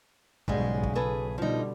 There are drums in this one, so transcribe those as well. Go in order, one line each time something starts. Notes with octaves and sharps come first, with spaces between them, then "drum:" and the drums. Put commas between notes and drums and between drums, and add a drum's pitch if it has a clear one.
B1 G#2 C#3 G3 G#3, drum: kick
drum: kick
G#4 A4 B4
B2 D3 F3 G3 D#4